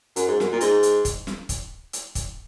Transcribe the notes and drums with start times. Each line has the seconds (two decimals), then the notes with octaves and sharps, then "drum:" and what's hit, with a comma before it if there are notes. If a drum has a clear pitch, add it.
0.16 F#2, drum: hi-hat
0.28 G#2
0.40 F#2, drum: snare
0.52 A#2
0.61 G#2, drum: hi-hat
0.83 drum: hi-hat
1.05 drum: kick, hi-hat
1.27 drum: snare
1.49 drum: kick, hi-hat
1.93 drum: hi-hat
2.15 drum: kick, hi-hat